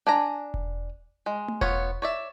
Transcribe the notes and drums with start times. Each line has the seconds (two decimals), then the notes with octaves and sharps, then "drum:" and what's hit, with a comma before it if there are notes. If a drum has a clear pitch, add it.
0.07 D4 G#5 A#5
0.54 drum: kick E1
1.26 G#3
1.48 drum: tom A3
1.61 B3 F4 C#5, drum: kick E1
2.02 C#5 D5 E5